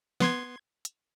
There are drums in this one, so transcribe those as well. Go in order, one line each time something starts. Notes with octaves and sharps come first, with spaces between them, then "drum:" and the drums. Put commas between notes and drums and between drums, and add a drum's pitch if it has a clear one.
B3 C6 G#6, drum: snare
drum: hi-hat